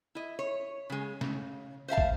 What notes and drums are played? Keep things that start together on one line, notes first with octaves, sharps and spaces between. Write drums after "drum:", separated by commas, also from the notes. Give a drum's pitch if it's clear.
E4 D#5
C#5
C#3 G#3
C#3, drum: snare
C5 E5 F5 A5
drum: kick